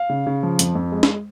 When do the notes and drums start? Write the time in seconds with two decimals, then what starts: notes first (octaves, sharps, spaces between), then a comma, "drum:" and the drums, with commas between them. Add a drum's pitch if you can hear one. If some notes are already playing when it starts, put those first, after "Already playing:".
Already playing: F5
0.09 C#3
0.27 C#3
0.43 F3
0.59 F2, drum: hi-hat
0.75 F2
0.92 G#3
1.03 drum: snare